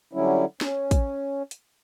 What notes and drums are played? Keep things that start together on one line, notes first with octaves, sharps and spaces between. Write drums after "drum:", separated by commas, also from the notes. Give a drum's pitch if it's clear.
D3 F#3 G3 C#4 E4
C#4, drum: snare
drum: kick, hi-hat
drum: hi-hat